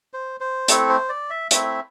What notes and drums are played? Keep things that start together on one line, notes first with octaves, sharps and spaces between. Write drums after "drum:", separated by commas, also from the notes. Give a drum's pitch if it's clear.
C5
C5
A3 C4 E4 A4, drum: hi-hat
C5
D5
E5
A3 C4 E4 E5, drum: hi-hat